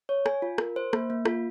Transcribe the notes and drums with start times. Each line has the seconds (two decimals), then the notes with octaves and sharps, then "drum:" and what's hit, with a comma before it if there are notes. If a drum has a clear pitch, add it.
0.09 C#5
0.26 G#5, drum: rim click
0.42 F4
0.58 A#4, drum: rim click
0.76 C5
0.93 A#3, drum: rim click
1.10 A#3
1.25 F4, drum: rim click